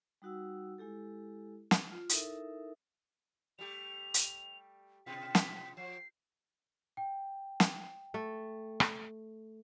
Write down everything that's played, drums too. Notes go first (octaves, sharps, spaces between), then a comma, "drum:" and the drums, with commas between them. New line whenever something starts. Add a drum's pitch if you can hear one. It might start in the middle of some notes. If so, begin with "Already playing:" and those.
G3 D#4 F#4 F#5 E6
G#3 E4 G4 A4
drum: snare
F4
D#4 E4 A4 A#4 E5, drum: hi-hat
G3 A3 G4 F7
drum: hi-hat
B2 F4 B6
drum: snare
F3 C7
G5
drum: snare
A3
drum: rim click